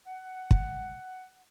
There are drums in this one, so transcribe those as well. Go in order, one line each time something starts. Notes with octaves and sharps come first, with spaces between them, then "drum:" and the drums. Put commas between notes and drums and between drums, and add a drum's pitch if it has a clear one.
F#5
drum: kick